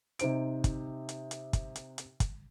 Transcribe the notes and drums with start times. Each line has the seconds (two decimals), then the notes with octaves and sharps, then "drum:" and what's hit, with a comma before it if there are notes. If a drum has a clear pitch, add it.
0.19 C3 D#4 C5 D7, drum: hi-hat
0.64 drum: kick, hi-hat
1.09 drum: hi-hat
1.31 drum: hi-hat
1.53 drum: kick, hi-hat
1.76 drum: hi-hat
1.98 drum: hi-hat
2.20 drum: kick, hi-hat